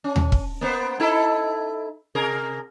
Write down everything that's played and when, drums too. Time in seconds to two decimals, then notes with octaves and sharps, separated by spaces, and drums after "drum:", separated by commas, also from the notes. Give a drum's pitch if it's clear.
0.04 C#4
0.16 drum: tom D#2
0.32 drum: kick
0.61 A#3 B3 C5
1.00 D#4 E4 A4
2.15 C3 G#4 A#4